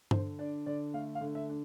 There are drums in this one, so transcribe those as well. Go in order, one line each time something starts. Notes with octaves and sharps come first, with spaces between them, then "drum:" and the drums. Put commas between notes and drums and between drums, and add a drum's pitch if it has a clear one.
D3 C5, drum: tom
D4 D5
D3 D5
A3 F5
F5
D3
E5
D4